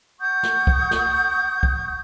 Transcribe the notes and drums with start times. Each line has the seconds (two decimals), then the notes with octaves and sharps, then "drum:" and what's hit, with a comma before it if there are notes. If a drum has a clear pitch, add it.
0.19 F#5 C#6 D#6 G6
0.43 drum: snare
0.67 drum: kick
0.91 drum: snare
1.63 drum: kick